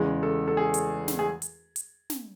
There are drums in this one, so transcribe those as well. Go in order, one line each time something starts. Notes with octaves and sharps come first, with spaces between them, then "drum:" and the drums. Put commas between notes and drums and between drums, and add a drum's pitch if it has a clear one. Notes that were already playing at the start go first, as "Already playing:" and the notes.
Already playing: E2 C#3 E3 G#3
A4
A4
G#4
drum: hi-hat
drum: snare
G#4
drum: hi-hat
drum: hi-hat
drum: snare